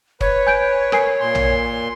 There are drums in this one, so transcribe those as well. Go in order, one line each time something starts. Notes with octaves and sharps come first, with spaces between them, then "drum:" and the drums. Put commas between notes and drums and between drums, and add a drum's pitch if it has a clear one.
B4 C#5, drum: kick
G#5 G6 D7
A#4 G#5 C7, drum: rim click
A#2 C6
drum: tom